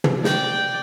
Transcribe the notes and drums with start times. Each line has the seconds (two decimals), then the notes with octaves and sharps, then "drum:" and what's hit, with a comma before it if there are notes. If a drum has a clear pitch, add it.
0.04 drum: tom
0.24 D5 G5, drum: snare